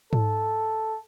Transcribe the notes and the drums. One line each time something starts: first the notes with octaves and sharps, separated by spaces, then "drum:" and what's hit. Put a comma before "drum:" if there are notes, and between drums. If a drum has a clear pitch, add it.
A4, drum: tom G#2